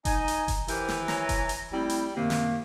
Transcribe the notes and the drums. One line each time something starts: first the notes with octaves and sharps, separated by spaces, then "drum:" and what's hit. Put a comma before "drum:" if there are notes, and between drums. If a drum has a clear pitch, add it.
D#4 G#5, drum: kick F1, hi-hat
drum: hi-hat
drum: kick F1, hi-hat
E3 G4 A#4 C5, drum: hi-hat
drum: snare
C#5 G#5 A#5, drum: snare
drum: kick F1, hi-hat
drum: hi-hat
G3 A3 C4 E4
drum: hi-hat
F#2 C3 D#3 A#3
drum: snare